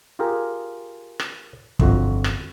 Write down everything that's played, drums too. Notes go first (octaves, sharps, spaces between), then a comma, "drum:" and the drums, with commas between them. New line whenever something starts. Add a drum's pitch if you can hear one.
F4 G4 G#4 A#4
drum: rim click
G1 F2 F#4, drum: kick
drum: rim click